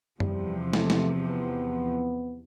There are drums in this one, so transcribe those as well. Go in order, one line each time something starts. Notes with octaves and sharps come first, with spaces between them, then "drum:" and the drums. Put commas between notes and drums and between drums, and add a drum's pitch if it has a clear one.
E2 C3 F3 G3, drum: tom F#2
A3, drum: snare
drum: snare
B3